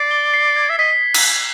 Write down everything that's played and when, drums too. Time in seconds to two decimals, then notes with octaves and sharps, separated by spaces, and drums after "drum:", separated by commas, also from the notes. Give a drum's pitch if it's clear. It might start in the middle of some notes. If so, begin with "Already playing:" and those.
Already playing: D5 C7
0.11 G7
0.34 C7
0.56 G#6
0.70 E5
0.78 D#5 B6
1.14 drum: cymbal